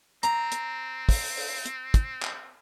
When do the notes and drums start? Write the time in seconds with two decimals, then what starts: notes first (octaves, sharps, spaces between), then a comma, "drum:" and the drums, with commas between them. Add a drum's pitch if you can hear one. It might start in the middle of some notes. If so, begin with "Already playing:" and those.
0.23 C4 A#5, drum: hi-hat
0.52 drum: hi-hat
1.09 drum: kick, open hi-hat
1.37 drum: open hi-hat
1.66 drum: hi-hat
1.94 drum: kick, hi-hat
2.23 drum: clap